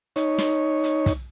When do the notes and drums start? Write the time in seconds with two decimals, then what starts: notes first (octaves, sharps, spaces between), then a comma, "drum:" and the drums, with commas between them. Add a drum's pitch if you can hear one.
0.16 D#4 C#5, drum: hi-hat
0.38 drum: snare
0.84 drum: hi-hat
1.06 drum: kick, hi-hat